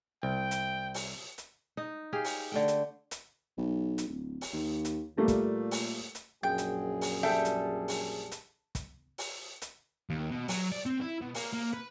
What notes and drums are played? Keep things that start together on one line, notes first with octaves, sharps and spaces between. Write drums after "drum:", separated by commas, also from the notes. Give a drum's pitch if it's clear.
C2 G5
drum: hi-hat
drum: open hi-hat
drum: hi-hat
D#4
G4 G#4 F5
drum: open hi-hat
D3 A3 G5
drum: hi-hat
drum: hi-hat
B1
drum: hi-hat
D1
drum: open hi-hat
D#2
drum: hi-hat
A#2 G3 A3 A#3
drum: kick, hi-hat
drum: open hi-hat
drum: hi-hat
A#1 F#2 G#4 G5
drum: hi-hat
drum: open hi-hat
G3 A4 E5 G5
drum: hi-hat
drum: open hi-hat
drum: hi-hat
drum: kick, hi-hat
drum: open hi-hat
drum: hi-hat
D#2
B2
F#3, drum: open hi-hat
D5
C4
E4
B2
A#3, drum: open hi-hat
A#3
B4